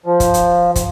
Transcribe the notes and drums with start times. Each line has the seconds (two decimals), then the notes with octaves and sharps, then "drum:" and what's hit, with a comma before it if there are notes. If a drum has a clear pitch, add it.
0.06 F3
0.20 drum: kick, hi-hat
0.34 drum: hi-hat
0.76 drum: kick, hi-hat